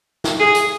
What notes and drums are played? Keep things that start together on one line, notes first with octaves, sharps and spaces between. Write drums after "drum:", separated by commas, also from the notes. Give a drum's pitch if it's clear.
drum: snare
G#4
drum: hi-hat